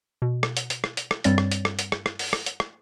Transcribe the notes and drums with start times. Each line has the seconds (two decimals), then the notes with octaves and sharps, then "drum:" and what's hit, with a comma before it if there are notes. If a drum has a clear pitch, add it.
0.22 B2
0.43 drum: rim click
0.57 drum: hi-hat
0.70 drum: hi-hat
0.84 drum: rim click
0.97 drum: hi-hat
1.11 drum: rim click
1.24 G2 G3 C4 C#5 A6, drum: hi-hat
1.38 drum: rim click
1.52 drum: hi-hat
1.65 drum: rim click
1.79 drum: hi-hat
1.92 drum: rim click
2.06 drum: rim click
2.19 drum: open hi-hat
2.33 drum: rim click
2.46 drum: hi-hat
2.60 drum: rim click